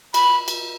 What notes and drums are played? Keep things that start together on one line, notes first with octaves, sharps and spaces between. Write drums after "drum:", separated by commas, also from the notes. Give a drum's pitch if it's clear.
B5, drum: cymbal
drum: cymbal